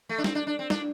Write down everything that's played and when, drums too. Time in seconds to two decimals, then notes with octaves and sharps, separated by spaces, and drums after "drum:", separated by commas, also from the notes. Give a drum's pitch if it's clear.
0.09 A3
0.18 D4
0.24 C4, drum: snare
0.35 D4
0.47 D4
0.59 C4
0.70 D4, drum: snare